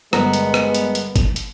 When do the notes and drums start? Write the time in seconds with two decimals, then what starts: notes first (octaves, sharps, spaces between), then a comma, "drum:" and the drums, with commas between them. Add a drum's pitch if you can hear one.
0.13 G1 G#3 B3 A#4, drum: rim click
0.33 drum: hi-hat
0.54 drum: rim click
0.75 drum: hi-hat
0.95 drum: hi-hat
1.16 drum: kick, hi-hat
1.36 drum: hi-hat